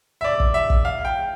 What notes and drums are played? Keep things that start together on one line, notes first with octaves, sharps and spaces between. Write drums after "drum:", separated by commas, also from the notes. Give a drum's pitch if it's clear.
E5
D5
drum: kick
E5
drum: kick
F5
G5